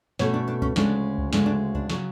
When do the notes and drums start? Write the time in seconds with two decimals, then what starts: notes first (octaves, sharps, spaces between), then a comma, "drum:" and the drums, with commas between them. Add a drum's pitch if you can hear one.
0.19 B2 A3 C#4 C#5, drum: snare
0.34 D4
0.48 D4
0.62 C#4, drum: kick C#2
0.76 D2 C#3 G#3 C#4 D4, drum: snare
1.18 drum: kick C#2
1.33 D2 C#3 G#3 D4, drum: snare
1.46 D4
1.75 D4, drum: kick C#2
1.89 C#3 F#3 C#4, drum: snare